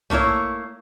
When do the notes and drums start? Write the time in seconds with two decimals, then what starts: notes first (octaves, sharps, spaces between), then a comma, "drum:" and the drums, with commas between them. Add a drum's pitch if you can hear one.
0.10 A3 A#3 D#4 E4 C#5, drum: tom B1